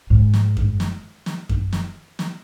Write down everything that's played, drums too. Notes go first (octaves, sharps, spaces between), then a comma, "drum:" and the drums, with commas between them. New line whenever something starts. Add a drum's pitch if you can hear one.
G#2
drum: snare
drum: kick F#2
drum: snare
drum: snare
drum: kick F#2
drum: snare
drum: snare